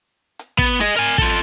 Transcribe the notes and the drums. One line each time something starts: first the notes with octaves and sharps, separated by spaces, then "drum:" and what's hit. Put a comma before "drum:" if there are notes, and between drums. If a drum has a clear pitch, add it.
drum: hi-hat
B3, drum: kick
G#4 D#5, drum: rim click
A#4 G#5
F4 A4, drum: kick, hi-hat